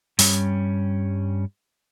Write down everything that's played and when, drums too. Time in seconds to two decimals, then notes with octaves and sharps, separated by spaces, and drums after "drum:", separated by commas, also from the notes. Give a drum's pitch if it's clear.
0.19 G2 G3 C#4, drum: open hi-hat